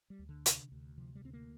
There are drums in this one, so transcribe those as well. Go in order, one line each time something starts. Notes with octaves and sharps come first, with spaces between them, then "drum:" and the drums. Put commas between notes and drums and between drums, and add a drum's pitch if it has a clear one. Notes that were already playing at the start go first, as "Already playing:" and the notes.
G3
D2
D3
C3, drum: hi-hat
D2
C3 F3
G3
D2 C4
A#3